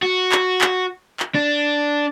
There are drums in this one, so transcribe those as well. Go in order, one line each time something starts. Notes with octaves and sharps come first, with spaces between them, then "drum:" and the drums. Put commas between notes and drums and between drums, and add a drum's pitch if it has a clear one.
F#4
drum: clap
drum: clap
drum: clap
D4